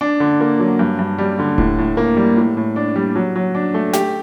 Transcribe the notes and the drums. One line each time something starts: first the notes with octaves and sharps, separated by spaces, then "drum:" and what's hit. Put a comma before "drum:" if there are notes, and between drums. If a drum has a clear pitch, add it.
D4
D3
A#3
F#3
G2
G2
G3
D3
A2, drum: kick D#1
A2
A#3
G3
A2
A2
D4
G3
F#3
F#3
D4
A3
G4, drum: snare